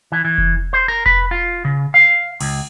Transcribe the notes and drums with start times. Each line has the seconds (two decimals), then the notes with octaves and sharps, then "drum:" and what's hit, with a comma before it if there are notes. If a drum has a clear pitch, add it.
0.12 E3
0.25 E3
0.38 drum: kick F1
0.73 C5
0.88 A#4
1.06 B4, drum: kick F1
1.31 F4
1.65 C#3
1.94 F5
2.40 C#2, drum: cymbal